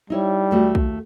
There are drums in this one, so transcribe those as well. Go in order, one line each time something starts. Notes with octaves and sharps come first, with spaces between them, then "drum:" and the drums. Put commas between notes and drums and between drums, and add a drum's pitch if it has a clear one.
G3 D#4 E4 C#5
D#2 A3 F#4
drum: kick